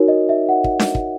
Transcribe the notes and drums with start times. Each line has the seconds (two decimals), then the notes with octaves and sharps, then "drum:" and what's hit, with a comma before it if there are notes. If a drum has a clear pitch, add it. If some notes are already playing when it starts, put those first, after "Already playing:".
Already playing: D#4 F#4 A#4 C#5
0.08 D#5
0.29 E5
0.49 F#5
0.64 drum: kick
0.79 drum: snare D4
0.95 drum: kick